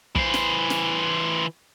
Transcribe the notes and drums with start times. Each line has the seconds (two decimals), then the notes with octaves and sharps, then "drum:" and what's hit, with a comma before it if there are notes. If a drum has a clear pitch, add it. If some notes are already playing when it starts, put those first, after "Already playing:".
0.15 E3 C5, drum: kick
0.34 drum: snare
0.70 drum: snare